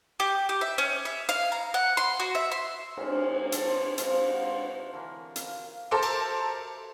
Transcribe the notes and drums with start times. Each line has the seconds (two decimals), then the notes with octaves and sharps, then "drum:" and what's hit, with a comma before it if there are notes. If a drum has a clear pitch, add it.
0.20 G4
0.49 G4
0.61 E5
0.78 C#4
1.05 E5
1.29 F5
1.52 A#5
1.74 F#5
1.97 C6
2.20 F#4
2.35 E5
2.52 C6
2.97 C3 G#3 C#4 A#4, drum: cymbal
3.52 G4 A4 C5, drum: hi-hat
3.98 C3 G#3 F4, drum: hi-hat
4.25 F4 F#4
4.93 D3 E3 A#4
5.36 F5, drum: hi-hat
5.91 A4 A#4 C5 A5 C6 D6
6.03 drum: cymbal